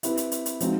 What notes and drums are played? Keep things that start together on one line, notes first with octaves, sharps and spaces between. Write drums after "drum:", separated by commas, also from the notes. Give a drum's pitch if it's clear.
C4 E4 G4 B4, drum: hi-hat
drum: hi-hat
drum: hi-hat
drum: hi-hat
F3 G#3 C4 D#4 F#4, drum: hi-hat